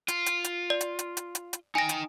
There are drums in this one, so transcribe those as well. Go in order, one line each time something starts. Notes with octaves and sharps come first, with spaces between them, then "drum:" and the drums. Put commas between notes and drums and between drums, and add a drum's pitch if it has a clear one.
F4, drum: hi-hat
drum: hi-hat
drum: hi-hat
D5
drum: hi-hat
drum: hi-hat
drum: hi-hat
drum: hi-hat
drum: hi-hat
D#4 G5 G#5 A#6
drum: hi-hat